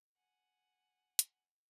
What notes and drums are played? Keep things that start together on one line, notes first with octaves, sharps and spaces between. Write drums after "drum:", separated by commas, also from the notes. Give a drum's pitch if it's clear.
F#5 G#5
drum: hi-hat